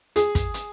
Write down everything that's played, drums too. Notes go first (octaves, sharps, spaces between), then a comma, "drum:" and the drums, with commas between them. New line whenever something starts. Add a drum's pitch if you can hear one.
G#4, drum: hi-hat
drum: kick, hi-hat
drum: hi-hat